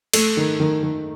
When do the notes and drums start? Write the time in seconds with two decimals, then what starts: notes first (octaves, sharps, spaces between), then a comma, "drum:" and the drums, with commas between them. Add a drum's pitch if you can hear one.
0.13 A3, drum: cymbal
0.37 D#3
0.60 D#3
0.83 D#3